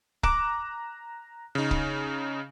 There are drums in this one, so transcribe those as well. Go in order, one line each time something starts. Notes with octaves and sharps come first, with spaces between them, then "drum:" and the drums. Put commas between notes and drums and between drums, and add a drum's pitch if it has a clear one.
A#5 D6 F#6 E7, drum: kick C#1
C#3 D#4
drum: kick C#1